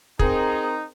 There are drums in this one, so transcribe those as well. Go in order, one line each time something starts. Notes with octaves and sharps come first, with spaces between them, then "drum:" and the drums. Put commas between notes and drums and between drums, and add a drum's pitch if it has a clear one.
C4 D#4 G#4 A#4, drum: kick